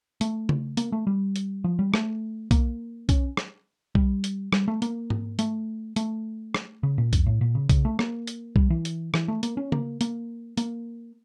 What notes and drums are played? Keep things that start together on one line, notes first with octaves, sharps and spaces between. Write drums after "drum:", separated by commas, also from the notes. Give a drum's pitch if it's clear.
A3, drum: hi-hat
drum: tom C#3
A#3, drum: hi-hat
A3
G3
drum: hi-hat
F3
G3
A3, drum: rim click
A#3, drum: kick B1, hi-hat
C#4, drum: kick B1, hi-hat
drum: rim click
G3, drum: kick B1
drum: hi-hat
G3, drum: rim click
A3
A#3, drum: hi-hat
drum: tom G#2
A3, drum: hi-hat
A3, drum: hi-hat
drum: rim click
C#3
A#2
F2, drum: kick B1, hi-hat
A2
A#2
C#3
C#3, drum: kick B1, hi-hat
A3
A#3, drum: rim click
drum: hi-hat
G3, drum: kick B1
E3
drum: hi-hat
E3, drum: rim click
A3
A#3, drum: hi-hat
C#4
A#3, drum: tom C#3
A#3, drum: hi-hat
A#3, drum: hi-hat